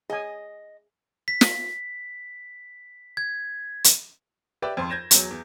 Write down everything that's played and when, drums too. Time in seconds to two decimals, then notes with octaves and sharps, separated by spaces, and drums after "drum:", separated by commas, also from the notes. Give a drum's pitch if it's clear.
0.10 G#4 D#5 G#5
1.28 B6
1.41 drum: snare
3.17 G#6
3.84 drum: hi-hat
4.62 G4 B4 D5 E5 G5 D6
4.77 F2 F3 C6
4.90 G6 G#6 A#6 E7
5.11 E2 F#3, drum: hi-hat
5.31 E2